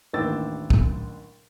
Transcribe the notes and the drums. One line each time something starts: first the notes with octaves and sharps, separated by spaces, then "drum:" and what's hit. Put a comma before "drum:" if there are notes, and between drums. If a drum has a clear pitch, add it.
A1 D#2 D4 G5 E6 A6
drum: kick